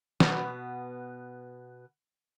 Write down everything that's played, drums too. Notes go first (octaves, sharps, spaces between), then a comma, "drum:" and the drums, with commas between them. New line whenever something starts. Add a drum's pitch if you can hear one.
B2 B3, drum: snare